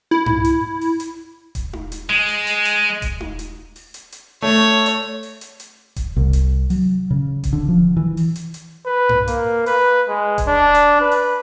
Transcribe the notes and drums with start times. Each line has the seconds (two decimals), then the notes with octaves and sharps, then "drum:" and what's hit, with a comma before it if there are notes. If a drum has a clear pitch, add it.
0.11 E4
0.26 drum: tom G2
0.45 drum: hi-hat
0.81 drum: open hi-hat
1.00 drum: hi-hat
1.55 drum: kick D#1, hi-hat
1.73 drum: tom D#4
1.92 drum: hi-hat
2.09 G#3
2.28 drum: open hi-hat
2.47 drum: hi-hat
2.65 drum: hi-hat
3.02 drum: kick D#1, hi-hat
3.20 drum: tom D#4
3.39 drum: hi-hat
3.76 drum: open hi-hat
3.94 drum: hi-hat
4.12 drum: hi-hat
4.42 A3 C#5
4.86 drum: hi-hat
5.23 drum: open hi-hat
5.41 drum: hi-hat
5.60 drum: hi-hat
5.96 drum: kick D#1, hi-hat
6.16 C2
6.33 drum: hi-hat
6.70 F#3, drum: open hi-hat
7.11 C#3
7.44 drum: kick D#1, hi-hat
7.53 D3
7.68 F3
7.97 E3
8.17 drum: open hi-hat
8.36 drum: hi-hat
8.54 drum: hi-hat
8.86 B4
9.09 drum: tom G2
9.28 A#3, drum: hi-hat
9.66 B4, drum: open hi-hat
10.09 G#3
10.38 drum: kick D#1, hi-hat
10.48 D4
10.75 drum: hi-hat
11.01 B4
11.12 drum: open hi-hat